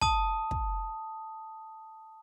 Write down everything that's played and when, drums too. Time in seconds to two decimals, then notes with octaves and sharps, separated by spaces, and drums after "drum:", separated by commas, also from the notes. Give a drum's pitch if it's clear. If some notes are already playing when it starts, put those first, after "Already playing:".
0.01 A5 D#6, drum: kick
0.51 drum: kick